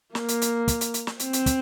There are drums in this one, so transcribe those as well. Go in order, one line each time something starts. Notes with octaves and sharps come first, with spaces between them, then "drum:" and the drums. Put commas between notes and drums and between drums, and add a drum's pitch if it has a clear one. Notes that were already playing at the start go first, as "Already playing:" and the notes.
A#3, drum: snare
drum: hi-hat
drum: hi-hat
drum: kick, hi-hat
drum: hi-hat
drum: hi-hat
drum: snare
C4, drum: hi-hat
drum: hi-hat
drum: kick, hi-hat